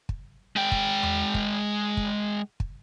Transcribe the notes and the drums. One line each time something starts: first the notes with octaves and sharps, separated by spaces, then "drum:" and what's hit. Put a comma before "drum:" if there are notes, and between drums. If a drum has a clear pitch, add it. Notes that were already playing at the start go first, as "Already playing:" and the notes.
drum: kick
G#3 G5
drum: kick
drum: tom E2
drum: kick
drum: kick
drum: kick